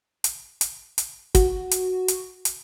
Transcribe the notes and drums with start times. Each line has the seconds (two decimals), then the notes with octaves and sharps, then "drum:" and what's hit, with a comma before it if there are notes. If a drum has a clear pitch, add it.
0.24 drum: hi-hat
0.61 drum: hi-hat
0.98 drum: hi-hat
1.35 F#4, drum: kick, hi-hat
1.71 drum: hi-hat
2.08 drum: hi-hat
2.45 drum: hi-hat